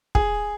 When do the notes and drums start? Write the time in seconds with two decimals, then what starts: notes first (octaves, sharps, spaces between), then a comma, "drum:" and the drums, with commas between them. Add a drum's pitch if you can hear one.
0.15 G#4, drum: kick